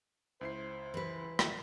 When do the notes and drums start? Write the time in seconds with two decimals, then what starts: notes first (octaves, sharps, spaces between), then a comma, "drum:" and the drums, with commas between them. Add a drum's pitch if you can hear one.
0.41 C#2 E4 C5 C7
0.94 E3 B4
1.39 drum: rim click